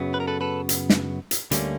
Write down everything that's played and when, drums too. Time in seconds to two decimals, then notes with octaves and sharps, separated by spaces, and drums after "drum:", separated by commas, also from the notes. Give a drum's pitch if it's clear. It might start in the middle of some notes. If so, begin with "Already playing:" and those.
Already playing: F#2 C#3 F#3 B3
0.14 B4
0.20 A#4
0.27 A4 B4
0.41 A4 B4
0.69 drum: hi-hat
0.89 drum: snare
1.31 drum: hi-hat
1.51 D2 D3 G3 A#3 C#4, drum: hi-hat